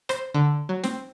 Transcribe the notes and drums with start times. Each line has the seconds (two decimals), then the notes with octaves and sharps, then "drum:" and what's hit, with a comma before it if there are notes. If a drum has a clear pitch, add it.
0.09 C5, drum: rim click
0.34 D3
0.69 F#3
0.84 C4, drum: snare